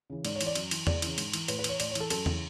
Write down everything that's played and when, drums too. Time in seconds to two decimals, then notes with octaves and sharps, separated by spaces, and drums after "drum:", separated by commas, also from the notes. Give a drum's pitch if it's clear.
0.10 C#3 E3
0.25 G#2 D5, drum: cymbal
0.35 C#5
0.41 E3, drum: cymbal
0.46 D5
0.55 F#2, drum: cymbal
0.71 E3, drum: cymbal
0.87 E2 D5, drum: tom E2
1.02 C#3 E3, drum: cymbal
1.18 G#2, drum: cymbal
1.33 E3, drum: cymbal
1.48 A2 B4, drum: cymbal
1.59 B4
1.64 E3 C#5, drum: cymbal
1.80 A2 D5, drum: cymbal
1.91 C#5
1.95 E3 A4, drum: cymbal
2.10 F#2 A4, drum: cymbal
2.26 C#3 E3, drum: tom E2